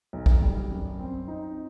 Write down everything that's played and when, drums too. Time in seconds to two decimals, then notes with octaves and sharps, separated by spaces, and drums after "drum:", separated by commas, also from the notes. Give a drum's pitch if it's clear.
0.13 B1
0.26 drum: kick
0.41 G3
0.71 F#2
0.99 C4
1.28 D#4